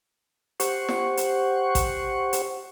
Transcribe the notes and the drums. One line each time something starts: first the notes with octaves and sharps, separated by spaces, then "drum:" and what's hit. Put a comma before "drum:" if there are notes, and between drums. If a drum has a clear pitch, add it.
G4 C5 F#5 C#6, drum: hi-hat
drum: snare
drum: hi-hat
drum: kick A1, hi-hat
drum: hi-hat